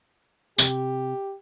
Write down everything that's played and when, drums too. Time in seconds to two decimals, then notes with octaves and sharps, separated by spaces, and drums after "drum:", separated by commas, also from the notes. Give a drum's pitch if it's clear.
0.58 C3 G4, drum: tambourine